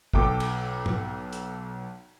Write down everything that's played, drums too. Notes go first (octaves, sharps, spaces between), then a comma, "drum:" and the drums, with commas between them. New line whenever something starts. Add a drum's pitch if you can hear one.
B1 A4 G5 D6, drum: kick
drum: cymbal
drum: tom G#2
drum: hi-hat